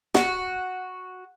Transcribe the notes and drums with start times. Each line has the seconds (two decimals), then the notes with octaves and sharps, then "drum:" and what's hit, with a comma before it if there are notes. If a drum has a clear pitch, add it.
0.14 F#4, drum: snare